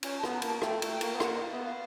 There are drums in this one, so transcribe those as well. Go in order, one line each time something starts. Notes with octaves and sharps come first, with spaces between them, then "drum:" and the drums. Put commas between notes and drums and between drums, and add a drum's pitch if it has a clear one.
C#4 G#5, drum: cymbal
A5
B3, drum: rim click
A#5
A#3 A5, drum: cymbal
A3 G5, drum: rim click
A3, drum: cymbal
G5
A#3, drum: cymbal
B3
A#3 F#5, drum: rim click
D#5
B3 E5
F5